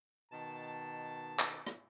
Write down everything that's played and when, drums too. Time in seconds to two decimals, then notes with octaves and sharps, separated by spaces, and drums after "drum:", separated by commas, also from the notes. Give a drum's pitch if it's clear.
0.32 B2 D#3 A5
1.39 drum: clap
1.67 drum: rim click